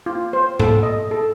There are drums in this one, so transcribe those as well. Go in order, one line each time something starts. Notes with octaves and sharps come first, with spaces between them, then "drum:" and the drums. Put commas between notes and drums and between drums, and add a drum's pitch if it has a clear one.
F4
C5
A4, drum: tom G#2
D#5
A4